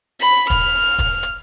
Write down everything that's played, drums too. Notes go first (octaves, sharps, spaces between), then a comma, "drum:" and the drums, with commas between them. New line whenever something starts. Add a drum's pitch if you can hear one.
B5
F6, drum: kick, hi-hat
drum: kick, hi-hat
drum: hi-hat